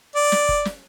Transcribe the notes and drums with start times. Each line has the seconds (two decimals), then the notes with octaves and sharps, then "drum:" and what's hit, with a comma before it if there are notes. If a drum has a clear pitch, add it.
0.15 D5
0.32 drum: snare
0.49 drum: kick F#1
0.65 drum: snare